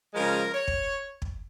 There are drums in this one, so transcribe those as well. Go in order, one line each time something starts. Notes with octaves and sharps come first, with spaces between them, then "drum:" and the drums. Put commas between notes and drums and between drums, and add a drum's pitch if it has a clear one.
C#3 F3 G#3 A#4
C#5
drum: kick
drum: kick